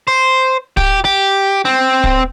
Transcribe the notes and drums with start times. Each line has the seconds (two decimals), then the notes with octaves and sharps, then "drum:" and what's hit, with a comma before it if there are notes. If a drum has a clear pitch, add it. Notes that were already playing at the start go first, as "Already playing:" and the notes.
0.08 C5
0.77 G4, drum: kick
1.05 G4
1.65 C4
2.04 drum: kick